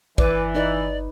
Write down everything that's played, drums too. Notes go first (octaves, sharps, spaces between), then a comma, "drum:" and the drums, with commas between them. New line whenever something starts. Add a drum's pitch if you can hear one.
G1 E3 B4 D5, drum: kick
D#4 B4 D5